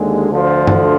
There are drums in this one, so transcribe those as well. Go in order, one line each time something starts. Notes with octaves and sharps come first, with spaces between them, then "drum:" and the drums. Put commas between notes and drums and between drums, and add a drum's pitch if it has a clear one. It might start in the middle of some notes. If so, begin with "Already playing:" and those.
Already playing: D#2 D3 G#3
D2 D3 F3
drum: tom G2